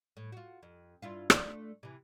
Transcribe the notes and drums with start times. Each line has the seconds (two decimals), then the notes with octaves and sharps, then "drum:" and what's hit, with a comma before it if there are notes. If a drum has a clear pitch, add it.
0.17 A2
0.32 F4 F#4
0.63 F2
1.02 G2 E4 F4
1.30 A3 D4 F4, drum: rim click
1.83 C3 E3